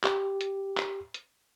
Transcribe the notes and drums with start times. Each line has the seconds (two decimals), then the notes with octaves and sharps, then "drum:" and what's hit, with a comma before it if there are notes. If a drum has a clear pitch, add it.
0.04 G4, drum: clap
0.41 drum: hi-hat
0.78 drum: clap
1.14 drum: hi-hat